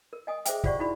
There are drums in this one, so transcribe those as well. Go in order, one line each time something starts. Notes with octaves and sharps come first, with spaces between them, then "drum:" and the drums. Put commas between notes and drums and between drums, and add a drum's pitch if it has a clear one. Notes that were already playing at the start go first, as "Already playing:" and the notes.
A#4
D#5 G#5 D#6
G#4 C5 E5 G5, drum: hi-hat
F4 G4 C5 D5 F#5 C#6, drum: kick
D#4 E4 F#4 D5 B5